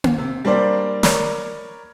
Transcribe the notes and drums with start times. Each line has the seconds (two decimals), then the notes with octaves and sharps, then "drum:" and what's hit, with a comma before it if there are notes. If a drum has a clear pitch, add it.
0.04 drum: tom A#3
0.18 C3
0.45 G3 A#3 D4 C5 D5
1.03 A#4 C#5 D5 B5, drum: snare